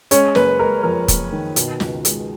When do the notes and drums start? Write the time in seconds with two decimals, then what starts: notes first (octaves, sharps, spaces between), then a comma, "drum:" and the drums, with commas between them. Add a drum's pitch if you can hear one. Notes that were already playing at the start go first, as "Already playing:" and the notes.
0.11 G#3 C#4 C#5, drum: hi-hat
0.35 F#1 B4, drum: snare
0.59 G#3 A#4
0.83 F2 A#4
1.08 F#1, drum: kick, hi-hat
1.32 D#3
1.56 B2, drum: hi-hat
1.80 C#2, drum: snare
2.05 G#3, drum: hi-hat